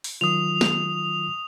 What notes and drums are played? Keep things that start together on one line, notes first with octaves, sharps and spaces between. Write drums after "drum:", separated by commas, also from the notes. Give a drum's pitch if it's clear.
drum: open hi-hat
D#3 F#3 F4 D#6 F7
drum: snare